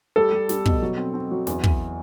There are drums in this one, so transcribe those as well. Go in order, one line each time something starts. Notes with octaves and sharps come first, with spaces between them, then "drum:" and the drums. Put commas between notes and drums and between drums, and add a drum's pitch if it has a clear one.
G3 A4
G3
G3, drum: snare
B2, drum: kick
F#3
C4
C4
F#3
E2, drum: snare
E2, drum: kick